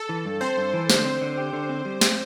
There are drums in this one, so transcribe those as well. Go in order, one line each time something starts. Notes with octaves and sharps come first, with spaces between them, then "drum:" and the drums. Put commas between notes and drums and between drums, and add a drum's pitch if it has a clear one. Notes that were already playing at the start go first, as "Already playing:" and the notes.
Already playing: A4
E3
G2
C4 C5
G2
E3
D3 C5, drum: snare
C4
D3
G4
D3
C4
G3
C4, drum: snare